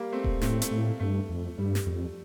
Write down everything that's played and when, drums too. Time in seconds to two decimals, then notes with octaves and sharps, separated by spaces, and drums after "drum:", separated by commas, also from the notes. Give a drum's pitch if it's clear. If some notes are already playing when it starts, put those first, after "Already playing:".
Already playing: G3 A#3
0.12 A3 C4
0.24 drum: kick D#1
0.41 A2 A3 C4, drum: snare
0.62 A3, drum: hi-hat
0.71 A2
1.00 G2 A3
1.29 F2
1.58 G2 G3
1.75 drum: snare
1.86 F2